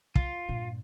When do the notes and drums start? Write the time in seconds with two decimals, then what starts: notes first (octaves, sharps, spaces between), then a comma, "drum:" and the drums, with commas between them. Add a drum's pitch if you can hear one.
0.15 F4, drum: kick
0.49 G2 A#2